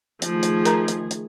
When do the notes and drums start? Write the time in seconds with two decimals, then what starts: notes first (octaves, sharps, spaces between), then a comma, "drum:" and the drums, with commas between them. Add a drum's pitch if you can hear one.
0.22 D#3 F3 A3 G#4, drum: hi-hat
0.43 drum: hi-hat
0.65 A#4 A#5, drum: hi-hat
0.88 drum: hi-hat
1.11 drum: hi-hat